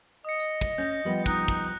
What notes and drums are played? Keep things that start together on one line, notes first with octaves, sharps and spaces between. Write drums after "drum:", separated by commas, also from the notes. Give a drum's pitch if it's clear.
D#5 D#6 C#7
drum: tambourine
drum: kick
C#4 G6 A#6
F3 G3 B3
D#4 F#6, drum: kick, tambourine
drum: kick